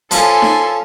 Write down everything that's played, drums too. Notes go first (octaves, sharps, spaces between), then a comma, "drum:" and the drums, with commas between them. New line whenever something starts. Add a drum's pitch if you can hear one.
F3 C#4 A4 G#5 C6, drum: hi-hat
drum: snare D#4